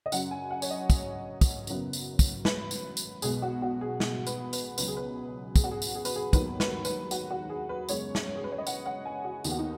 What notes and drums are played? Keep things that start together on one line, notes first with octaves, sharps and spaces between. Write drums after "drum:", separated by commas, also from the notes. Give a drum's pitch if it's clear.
D#5
F#2 C#3 F#3 F#5, drum: tambourine
G#5
F#5
C#5, drum: tambourine
D#5
drum: kick, tambourine
drum: kick, tambourine
F#1 F#2 F#3 B3, drum: tambourine
drum: tambourine
drum: kick, tambourine
B4, drum: snare
drum: tambourine
drum: tambourine
B1 B2 G#3 B3 G#4, drum: tambourine
F#4
F#4
G#4
G#4, drum: snare
B4, drum: tambourine
B4, drum: tambourine
C#2 B2 F#3 B3 B4, drum: tambourine
G#4
B4
G#4, drum: kick, tambourine
F#4
G#4
drum: tambourine
G#4
B4, drum: tambourine
G#4
D#2 D#3 F#3 B3 B4, drum: kick, tambourine
B4, drum: snare
B4, drum: tambourine
F#4, drum: tambourine
F#4
G#4
B4
F#2 C#3 G#3 B3 C#5, drum: tambourine
drum: snare
G#4
B4
C#5
D#5
F#5, drum: tambourine
F#5
G#5
F#4
D#2 D#3 B3 D#4, drum: tambourine
F#4
D#4